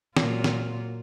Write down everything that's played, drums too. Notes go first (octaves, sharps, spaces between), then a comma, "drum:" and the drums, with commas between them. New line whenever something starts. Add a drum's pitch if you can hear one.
A#2 F#3 F4, drum: snare
drum: snare